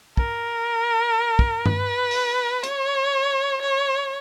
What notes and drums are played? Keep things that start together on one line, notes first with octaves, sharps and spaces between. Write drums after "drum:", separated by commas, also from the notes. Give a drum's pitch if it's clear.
A#4, drum: kick
drum: kick
B4, drum: tom G2
drum: open hi-hat
C#5, drum: hi-hat
C#5